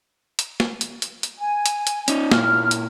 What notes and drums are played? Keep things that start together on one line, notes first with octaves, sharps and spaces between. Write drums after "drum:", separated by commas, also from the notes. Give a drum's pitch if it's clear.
drum: hi-hat
drum: snare
drum: hi-hat
drum: hi-hat
drum: hi-hat
G#5
drum: hi-hat
drum: hi-hat
C#4 D#4, drum: hi-hat
A#2 E4 F6, drum: snare
drum: hi-hat